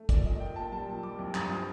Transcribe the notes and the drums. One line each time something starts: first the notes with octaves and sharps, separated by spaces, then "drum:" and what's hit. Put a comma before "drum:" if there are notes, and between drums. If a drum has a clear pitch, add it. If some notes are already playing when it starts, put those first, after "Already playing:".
Already playing: A3
A#2 D5, drum: kick, hi-hat
A#2 D#5
A#2 G5
A#2 A5
G3 A5
A#2
G3 D6
C2
G2 D#6, drum: clap
F3